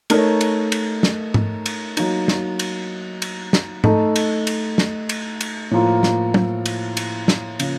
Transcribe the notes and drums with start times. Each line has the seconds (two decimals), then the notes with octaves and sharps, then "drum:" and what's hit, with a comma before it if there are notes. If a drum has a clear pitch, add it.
0.10 A3 D#4 A#4 C#5, drum: cymbal
0.41 drum: cymbal
0.72 drum: cymbal
1.03 drum: snare
1.34 drum: tom G#2
1.66 drum: cymbal
1.97 F#3 A#3 D#4, drum: cymbal
2.28 drum: snare
2.59 drum: cymbal
3.22 drum: cymbal
3.53 drum: snare
3.84 A3 D#4 A4 D#5, drum: tom G#2
4.16 drum: cymbal
4.47 drum: cymbal
4.78 drum: snare
5.09 drum: cymbal
5.41 drum: cymbal
5.71 A2 F3 A#3 F4
6.03 drum: snare
6.34 drum: tom
6.66 drum: cymbal
6.97 drum: cymbal
7.28 drum: snare
7.60 C#3 F3 A#3, drum: cymbal